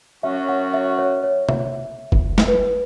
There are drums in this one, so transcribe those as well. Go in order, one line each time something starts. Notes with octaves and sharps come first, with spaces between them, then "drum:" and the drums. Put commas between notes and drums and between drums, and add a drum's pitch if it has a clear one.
F#2 F#3 C#4 F#4 E5
F#5
E5
C#5
C#5
E5, drum: tom C3
drum: kick F#1
drum: snare
B4